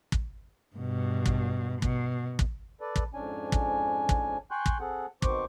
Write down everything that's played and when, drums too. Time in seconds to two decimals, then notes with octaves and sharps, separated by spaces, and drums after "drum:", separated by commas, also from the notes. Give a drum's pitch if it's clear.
0.12 drum: kick
0.76 G2 B2
1.26 drum: kick
1.82 B2, drum: kick
2.39 drum: kick
2.81 A4 B4 D5
2.96 drum: kick
3.14 F2 G#2 C#4 D4 G#5
3.52 drum: kick
4.09 drum: kick
4.51 G5 G#5 C6 C#6 F#6 G6
4.66 drum: kick
4.80 C4 G#4 A4 F#5
5.22 B2 D#3 C4 C5 C#6 D6, drum: kick